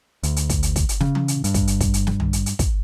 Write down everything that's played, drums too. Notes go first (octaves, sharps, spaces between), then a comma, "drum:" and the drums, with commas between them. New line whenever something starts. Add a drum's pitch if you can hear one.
D2, drum: hi-hat
drum: hi-hat
drum: kick, hi-hat
drum: hi-hat
drum: kick, hi-hat
drum: hi-hat
C#3, drum: snare
drum: tom E3
drum: hi-hat
G2, drum: hi-hat
drum: kick, hi-hat
drum: hi-hat
drum: kick, hi-hat
drum: hi-hat
drum: snare
drum: tom
drum: hi-hat
drum: hi-hat
drum: kick, hi-hat